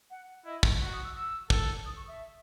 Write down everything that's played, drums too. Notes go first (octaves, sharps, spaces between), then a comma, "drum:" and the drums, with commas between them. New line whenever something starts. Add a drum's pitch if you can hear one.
F#5
E4 D#5
drum: kick
F#4 F#5
D#6
E6
E6
A4, drum: kick
D#6
C#6
E5